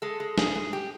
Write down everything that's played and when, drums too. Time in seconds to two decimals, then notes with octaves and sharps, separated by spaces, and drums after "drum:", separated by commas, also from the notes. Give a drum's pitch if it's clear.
0.02 G#3 A4
0.20 G#3
0.38 G#2 G#4, drum: snare
0.55 G#2
0.73 G4